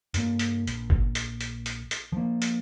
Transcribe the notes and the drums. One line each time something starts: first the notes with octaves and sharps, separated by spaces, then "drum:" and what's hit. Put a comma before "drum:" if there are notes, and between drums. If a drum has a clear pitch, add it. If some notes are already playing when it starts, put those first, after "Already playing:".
G2 A#3, drum: hi-hat
drum: hi-hat
A#1, drum: hi-hat
drum: kick G1
drum: hi-hat
drum: hi-hat
drum: hi-hat
drum: hi-hat
F3 A#3
drum: hi-hat